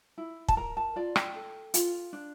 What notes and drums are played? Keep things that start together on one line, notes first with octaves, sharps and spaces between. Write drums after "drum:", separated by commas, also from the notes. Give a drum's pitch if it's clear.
E4
A5, drum: kick
A#4 A#5
A5
F4 D5
G5, drum: rim click
A4
F4, drum: hi-hat
D4